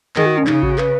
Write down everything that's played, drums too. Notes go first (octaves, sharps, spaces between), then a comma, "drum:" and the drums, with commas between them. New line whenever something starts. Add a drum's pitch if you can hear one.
D#3 G#4, drum: clap
F#4
C#4
C#3 D#4, drum: clap
F#4, drum: kick A1
B4, drum: clap